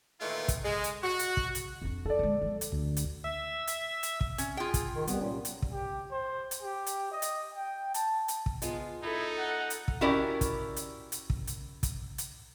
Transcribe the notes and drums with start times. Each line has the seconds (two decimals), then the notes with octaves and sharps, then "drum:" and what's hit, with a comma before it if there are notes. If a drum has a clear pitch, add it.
0.21 A#2 D#3 E3 A3 E4 F4
0.48 drum: kick, hi-hat
0.65 G#3
0.84 drum: hi-hat
1.03 F#4
1.19 drum: hi-hat
1.37 drum: kick
1.55 drum: hi-hat
1.82 F2 D4
2.05 D#4 A4 D5
2.19 D3 G#3
2.41 F3
2.61 drum: hi-hat
2.72 D2
2.97 drum: hi-hat
3.24 E5
3.67 drum: hi-hat
4.03 drum: hi-hat
4.21 drum: kick
4.38 C#4, drum: hi-hat
4.57 F4 G#4 G5
4.74 drum: kick, hi-hat
4.96 D#3 A#4
5.07 C2 G3 B3, drum: hi-hat
5.21 A#2 C#4
5.45 drum: hi-hat
5.62 drum: kick
5.73 G4
6.12 C5
6.51 drum: hi-hat
6.62 G4
6.86 drum: hi-hat
7.12 D#5
7.22 drum: hi-hat
7.54 G5
7.94 A5, drum: hi-hat
8.28 drum: hi-hat
8.46 drum: kick
8.62 G#3 B3 F4, drum: hi-hat
9.03 D#4 E4 A4
9.38 F#5
9.70 drum: hi-hat
9.88 drum: kick
10.01 C#4 E4 F#4 G4 A#4 D5
10.41 drum: kick, hi-hat
10.76 drum: hi-hat
11.12 drum: hi-hat
11.30 drum: kick
11.47 drum: hi-hat
11.83 drum: kick, hi-hat
12.18 drum: hi-hat